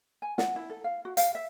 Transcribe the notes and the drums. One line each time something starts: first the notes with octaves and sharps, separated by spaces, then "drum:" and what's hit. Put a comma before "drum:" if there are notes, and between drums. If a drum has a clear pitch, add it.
G#5
F#5, drum: snare
E4
A4
F5
F#4
F5, drum: hi-hat
E5